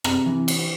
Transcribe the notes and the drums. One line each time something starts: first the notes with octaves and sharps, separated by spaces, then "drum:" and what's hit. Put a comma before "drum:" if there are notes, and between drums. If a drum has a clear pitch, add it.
C3 A#5, drum: rim click
E3
drum: cymbal